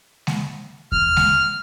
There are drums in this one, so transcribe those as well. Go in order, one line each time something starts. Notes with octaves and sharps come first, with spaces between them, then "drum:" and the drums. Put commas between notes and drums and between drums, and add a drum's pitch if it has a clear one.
drum: snare G#3
F6, drum: kick D#2
drum: snare G#3